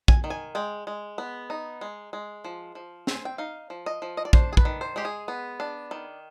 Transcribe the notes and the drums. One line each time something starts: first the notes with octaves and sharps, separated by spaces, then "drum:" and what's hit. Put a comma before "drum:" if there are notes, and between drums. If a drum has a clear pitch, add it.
G#5, drum: kick
D#3
G#5
G#3 G5
G#3
B3
D#4
G#3
G#3
F3
F3
C4 G#5, drum: snare
G5
D#4 F5
F3
D#5
F3
D#5
D5
D4 C5, drum: kick
G#4
B4, drum: kick
D#3
C5
G#3 G4
G#4
B3
D4
D#3